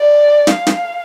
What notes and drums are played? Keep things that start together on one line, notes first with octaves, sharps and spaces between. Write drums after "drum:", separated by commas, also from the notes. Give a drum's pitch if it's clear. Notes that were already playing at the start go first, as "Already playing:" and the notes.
Already playing: D5
F5, drum: snare
drum: snare